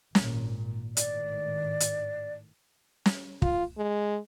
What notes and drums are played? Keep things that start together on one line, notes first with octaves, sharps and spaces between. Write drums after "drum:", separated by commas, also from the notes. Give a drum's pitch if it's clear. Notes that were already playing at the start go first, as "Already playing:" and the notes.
G#1 A#2, drum: snare
G#1 A2 D#3 D5, drum: hi-hat
drum: hi-hat
drum: snare
F4, drum: kick
G#3